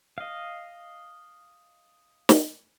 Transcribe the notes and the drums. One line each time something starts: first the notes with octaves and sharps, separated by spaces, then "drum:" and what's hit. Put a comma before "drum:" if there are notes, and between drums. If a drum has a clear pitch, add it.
D#5 F5
drum: snare